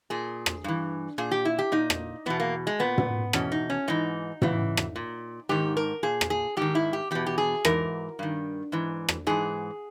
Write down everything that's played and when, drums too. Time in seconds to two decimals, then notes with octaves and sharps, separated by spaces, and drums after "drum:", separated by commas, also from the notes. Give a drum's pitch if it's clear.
0.10 A#2 G#4
0.46 drum: rim click
0.64 G2 E3
1.18 A#2 G#4
1.31 G4
1.45 E4
1.59 G4
1.72 A#2 D#4
1.90 drum: rim click
2.26 E2 B2 B3
2.40 A#3
2.67 G#3
2.79 A#2 B3
2.98 drum: tom
3.33 E2 B2 C#4, drum: rim click
3.52 D#4
3.70 C#4
3.88 G#2 E3 D#4
4.42 E2 C#3 E3, drum: tom
4.77 drum: rim click
4.96 A#2
5.49 G#2 D#3 G4
5.77 A#4
6.03 A#2 G#4
6.21 drum: rim click
6.30 G#4
6.57 G#2 D#3 G4
6.75 E4
6.93 G4
7.11 E2 B2 G4
7.26 G4
7.38 G#4
7.65 G#2 E3 A#4, drum: rim click
8.19 G2 D#3
8.72 G#2 E3
9.09 drum: rim click
9.27 G#2 E3 G#4